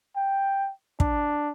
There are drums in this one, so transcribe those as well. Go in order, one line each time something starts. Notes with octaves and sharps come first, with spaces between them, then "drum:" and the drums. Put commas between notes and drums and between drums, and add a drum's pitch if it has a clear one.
G5
D4, drum: kick